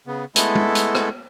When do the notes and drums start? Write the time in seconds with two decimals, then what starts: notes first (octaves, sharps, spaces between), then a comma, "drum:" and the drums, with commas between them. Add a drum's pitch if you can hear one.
0.07 C#3 B3
0.36 G#3 A3 B3 E4 A4, drum: hi-hat
0.55 drum: tom
0.75 drum: hi-hat
0.95 drum: rim click